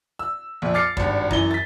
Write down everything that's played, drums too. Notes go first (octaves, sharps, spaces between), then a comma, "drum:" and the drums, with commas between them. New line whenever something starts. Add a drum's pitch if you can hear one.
E6
A#1 F2
D6 F6 A6 C7 C#7
G#1 G2, drum: kick
F#2 E3 G7, drum: kick
A6 B6